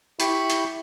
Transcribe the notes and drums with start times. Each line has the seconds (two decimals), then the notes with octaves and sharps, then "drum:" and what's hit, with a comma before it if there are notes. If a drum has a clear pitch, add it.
0.20 E4 G4 B5 C#6, drum: hi-hat
0.50 drum: hi-hat